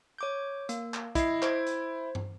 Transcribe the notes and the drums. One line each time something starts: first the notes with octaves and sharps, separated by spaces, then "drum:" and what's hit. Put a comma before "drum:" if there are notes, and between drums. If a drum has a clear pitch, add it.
C#5 D6 G6
A#3, drum: hi-hat
drum: clap
E4 D#5 C7, drum: kick, hi-hat
C5 G#6, drum: clap
drum: hi-hat
drum: tom G2